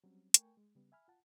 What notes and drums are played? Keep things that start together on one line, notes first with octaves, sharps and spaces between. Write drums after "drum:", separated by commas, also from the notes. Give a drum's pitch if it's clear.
F#3 G3 C4 C#4
A3 A#4 G5 G#5 C#6, drum: hi-hat
G#3
C#3 G3 B3
E5 G#5 B5 F6
F4 F#5 A5